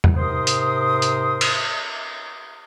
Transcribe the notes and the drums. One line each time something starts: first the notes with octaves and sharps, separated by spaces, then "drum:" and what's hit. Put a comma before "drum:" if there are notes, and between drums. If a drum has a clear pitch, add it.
drum: tom E2
G#2 C3 A#4 C5 C6 D#6
drum: hi-hat
drum: hi-hat
drum: cymbal